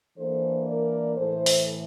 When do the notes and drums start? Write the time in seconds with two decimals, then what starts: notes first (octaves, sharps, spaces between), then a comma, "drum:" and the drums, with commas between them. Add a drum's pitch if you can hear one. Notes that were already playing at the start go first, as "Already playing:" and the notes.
0.17 E3 A#3 D4 A4 C5
0.67 A#4 D5
1.17 A2 E3 A3 A4 C5
1.46 drum: open hi-hat